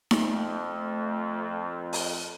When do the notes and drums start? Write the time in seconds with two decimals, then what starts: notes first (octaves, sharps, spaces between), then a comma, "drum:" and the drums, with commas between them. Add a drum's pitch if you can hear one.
0.11 drum: snare D#4
0.20 F2 A3
1.93 drum: open hi-hat